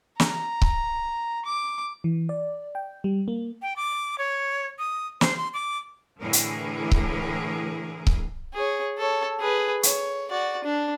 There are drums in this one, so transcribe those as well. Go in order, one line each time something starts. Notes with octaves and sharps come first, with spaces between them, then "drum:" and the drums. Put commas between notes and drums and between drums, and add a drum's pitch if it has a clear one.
A#5, drum: snare
drum: kick C#1
D6
E3
D5
G5
G3
A#3
G5
D6
C#5
D#6
C5, drum: snare
C6
D6
A2 D3 E3 G#4 A#4
drum: hi-hat
drum: kick C#1
drum: kick C#1
G#4 C#5
A4 C#5
G#4 B4
C#5, drum: hi-hat
F#4 D5
D4